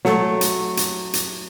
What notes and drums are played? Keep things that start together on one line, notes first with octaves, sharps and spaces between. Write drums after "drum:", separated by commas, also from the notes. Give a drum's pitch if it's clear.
F#3 A3, drum: snare
drum: hi-hat
drum: hi-hat
drum: hi-hat